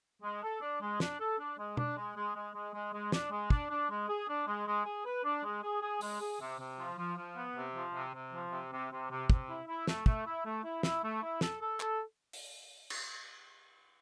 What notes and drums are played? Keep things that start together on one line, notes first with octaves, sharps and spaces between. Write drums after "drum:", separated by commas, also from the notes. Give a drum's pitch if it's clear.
G#3
A4
D4
G#3
D4, drum: snare
A4
D4
G#3
D4, drum: tom
G#3
G#3
G#3
G#3
G#3
G#3
D4, drum: snare
G#3
D4, drum: kick
D4
G#3
G#4
D4
G#3
G#3
G#4
B4
D4
G#3
G#4
G#4
G#3, drum: open hi-hat
G#4
C3
C3
F3
F3
F3
B3
C3
F3
C3
C3
F3
C3
C3
C3
C3
C3, drum: kick
E4
E4
A3, drum: snare
A3, drum: kick
E4
A3
E4
E4, drum: snare
A3
E4
A4, drum: snare
A4
A4, drum: clap
drum: open hi-hat
drum: cymbal